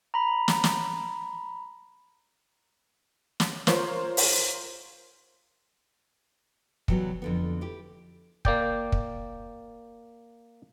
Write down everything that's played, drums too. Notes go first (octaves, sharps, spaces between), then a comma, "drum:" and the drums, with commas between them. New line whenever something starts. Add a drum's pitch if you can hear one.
A#5 B5
drum: snare
drum: snare
drum: snare
F4 A#4 C5 C#5, drum: snare
drum: open hi-hat
C3 E3 F#3 G3 B3, drum: kick
F2 D3 B3
E4 G4
A#3 D5 G5, drum: kick
drum: kick